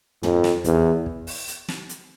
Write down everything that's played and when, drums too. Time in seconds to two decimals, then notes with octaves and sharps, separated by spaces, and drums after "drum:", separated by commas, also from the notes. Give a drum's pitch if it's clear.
0.23 F2, drum: tom
0.44 drum: snare
0.64 E2, drum: kick, hi-hat
1.06 drum: kick
1.27 drum: open hi-hat
1.48 drum: hi-hat
1.68 drum: snare
1.89 drum: hi-hat